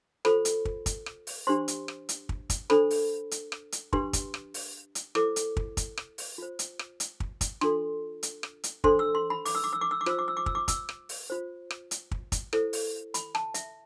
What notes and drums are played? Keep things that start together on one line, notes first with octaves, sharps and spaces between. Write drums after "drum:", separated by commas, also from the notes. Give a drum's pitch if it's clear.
F4 A4 C5 B5, drum: rim click
drum: hi-hat
drum: kick
drum: kick, hi-hat
drum: rim click
drum: open hi-hat
D4 G4 C5 C6
drum: hi-hat
drum: rim click
drum: hi-hat
drum: kick
drum: kick, hi-hat
D4 A4 C5 B5, drum: rim click
drum: open hi-hat
drum: hi-hat
drum: rim click
drum: hi-hat
D4 G4 B4 C6, drum: kick
drum: kick, hi-hat
drum: rim click
drum: open hi-hat
drum: hi-hat
E4 A4 C5 D6, drum: rim click
drum: hi-hat
drum: kick
drum: kick, hi-hat
drum: rim click
drum: open hi-hat
F4 C5
drum: hi-hat
drum: rim click
drum: hi-hat
drum: kick
drum: kick, hi-hat
D4 F4 A4 C6, drum: rim click
drum: hi-hat
drum: rim click
drum: hi-hat
D4 A4 C5 C6, drum: kick
E6
C6
B5
D6, drum: open hi-hat
E6
D6
E6
D6
E6
D6
F4 C5 E6, drum: rim click
D6
E6
D6
E6, drum: kick
D6
E6, drum: kick, hi-hat
drum: rim click
drum: open hi-hat
F4 C5
drum: rim click
drum: hi-hat
drum: kick
drum: kick, hi-hat
E4 A4 C5, drum: rim click
drum: open hi-hat
B5, drum: hi-hat
A5, drum: rim click
E5, drum: hi-hat